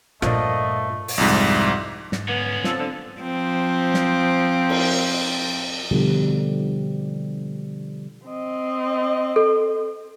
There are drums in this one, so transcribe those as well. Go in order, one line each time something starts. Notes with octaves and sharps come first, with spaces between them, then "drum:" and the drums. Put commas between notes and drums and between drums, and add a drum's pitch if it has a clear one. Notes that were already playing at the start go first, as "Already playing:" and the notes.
G2 A#2 F3 A3 A#3 D4 D#5, drum: rim click
drum: open hi-hat
C2 F2 G#2
G#2, drum: snare
D3 B3 C#4
F3 C4 A4, drum: snare
D3
F3 C4
drum: snare
drum: cymbal
B2 D3 F3 G3
C4 D#5
A4